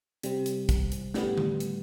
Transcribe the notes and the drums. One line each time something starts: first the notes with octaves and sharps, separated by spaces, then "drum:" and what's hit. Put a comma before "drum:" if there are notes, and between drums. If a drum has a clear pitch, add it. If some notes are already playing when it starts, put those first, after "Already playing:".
C3 G3 C4, drum: hi-hat
drum: hi-hat
drum: kick, hi-hat
drum: hi-hat
A2 G3 B3, drum: snare
drum: tom D3
drum: hi-hat